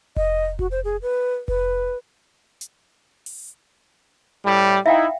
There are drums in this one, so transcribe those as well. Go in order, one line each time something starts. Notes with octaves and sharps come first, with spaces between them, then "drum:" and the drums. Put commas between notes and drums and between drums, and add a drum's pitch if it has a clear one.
D#5, drum: kick F1
F#4, drum: kick F1
C5
G#4
B4
B4, drum: kick F1
drum: hi-hat
drum: open hi-hat
A2 G3
D#4 E4 E5 F5 G5